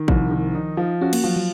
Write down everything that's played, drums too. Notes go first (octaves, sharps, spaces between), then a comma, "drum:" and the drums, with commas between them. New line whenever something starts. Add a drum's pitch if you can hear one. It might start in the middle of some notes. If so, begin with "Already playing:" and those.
Already playing: D#3
C2 F3, drum: kick
D#3
D#4
F3
C#4 F#4
A#3, drum: cymbal
F3 F#3
F#3